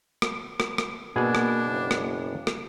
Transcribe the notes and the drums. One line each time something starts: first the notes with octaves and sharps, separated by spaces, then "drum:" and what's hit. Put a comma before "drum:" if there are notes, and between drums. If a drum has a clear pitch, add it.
drum: rim click
drum: rim click
drum: rim click
B2 A#3 D4 G#4
drum: rim click
F#1
drum: rim click
drum: rim click